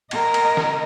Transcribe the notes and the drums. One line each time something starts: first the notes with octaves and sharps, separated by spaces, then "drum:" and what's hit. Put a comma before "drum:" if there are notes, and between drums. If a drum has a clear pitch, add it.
A#4 D#5, drum: cymbal
drum: cymbal
drum: snare